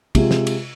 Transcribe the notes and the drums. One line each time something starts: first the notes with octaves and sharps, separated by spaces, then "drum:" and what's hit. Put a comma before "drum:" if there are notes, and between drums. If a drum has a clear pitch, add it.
C3 G#3 F4, drum: kick, cymbal
drum: snare
drum: cymbal